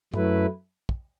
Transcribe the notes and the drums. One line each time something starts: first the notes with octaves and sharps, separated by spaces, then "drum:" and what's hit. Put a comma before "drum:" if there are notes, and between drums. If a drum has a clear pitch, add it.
F#2 F#3 A3 E4 B4, drum: tom
drum: kick